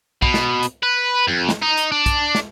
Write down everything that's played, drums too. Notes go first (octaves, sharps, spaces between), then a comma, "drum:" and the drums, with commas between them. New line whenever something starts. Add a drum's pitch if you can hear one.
B2, drum: kick
drum: snare
drum: hi-hat
B4
F2
drum: snare
D#4
drum: hi-hat
D4
drum: kick, hi-hat
drum: snare